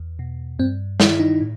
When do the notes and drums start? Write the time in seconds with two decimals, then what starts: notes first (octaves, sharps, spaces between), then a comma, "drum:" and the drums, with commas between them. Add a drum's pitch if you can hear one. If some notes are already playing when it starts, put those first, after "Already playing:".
Already playing: E2
0.19 B2
0.59 G2 C4
1.00 D#3 E4, drum: snare
1.19 D#4
1.40 A2